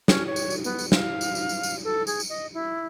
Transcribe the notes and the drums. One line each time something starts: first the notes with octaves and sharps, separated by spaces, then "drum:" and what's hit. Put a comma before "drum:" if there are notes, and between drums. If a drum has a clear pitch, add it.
C#4, drum: snare
C#5
drum: tambourine
drum: tambourine
B3, drum: tambourine
drum: tambourine
F5, drum: snare
drum: tambourine
drum: tambourine
drum: tambourine
drum: tambourine
A4
G#4, drum: tambourine
drum: tambourine
D#5
E4